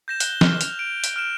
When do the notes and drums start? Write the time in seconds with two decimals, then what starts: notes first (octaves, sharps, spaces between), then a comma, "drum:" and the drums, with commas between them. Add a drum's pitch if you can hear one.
0.08 G6 A#6 E7
0.20 F#6 G7, drum: hi-hat
0.41 F6, drum: snare
0.61 F7, drum: hi-hat
0.79 D7
1.04 drum: hi-hat
1.16 F6 D7 E7